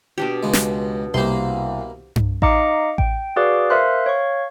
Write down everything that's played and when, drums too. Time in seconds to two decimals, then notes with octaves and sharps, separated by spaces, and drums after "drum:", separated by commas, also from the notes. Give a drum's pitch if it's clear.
0.18 B2 D4 G4
0.43 C#2 G#3
0.53 drum: snare
1.14 C2 B2 A#3 C5 C6
2.16 drum: tom G2
2.42 D#4 D#5 F5 A#5 D6 C#7, drum: kick A1
2.98 G5, drum: kick A1
3.36 F#4 G#4 B4 D5 F5 D6
3.70 A#4 C5 E5 F5 C6 F#6
4.06 C#5 F5 C#6